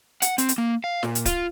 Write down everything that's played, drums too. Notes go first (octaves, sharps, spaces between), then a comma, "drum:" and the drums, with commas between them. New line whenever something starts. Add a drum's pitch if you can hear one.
F#5, drum: hi-hat
C4, drum: hi-hat
drum: hi-hat
A#3
F5
A#2, drum: snare
drum: hi-hat
F4, drum: kick C#1, hi-hat